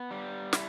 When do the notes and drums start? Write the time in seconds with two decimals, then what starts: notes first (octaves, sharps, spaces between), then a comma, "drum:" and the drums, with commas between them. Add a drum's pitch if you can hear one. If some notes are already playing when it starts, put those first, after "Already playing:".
Already playing: B3
0.11 G3
0.53 E4, drum: snare